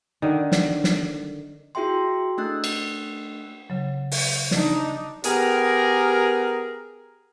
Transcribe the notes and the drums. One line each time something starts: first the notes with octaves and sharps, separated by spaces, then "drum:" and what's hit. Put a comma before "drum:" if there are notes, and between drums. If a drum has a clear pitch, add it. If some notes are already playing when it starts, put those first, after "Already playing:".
D3 D#3
drum: snare
drum: snare
E4 F#4 G#4 E5 G5 C6
A3 D4 E6 F#6 A6
drum: cymbal
C#3 F#3
drum: open hi-hat
D4 D#4, drum: snare
B3 G4 G#4 A#4, drum: hi-hat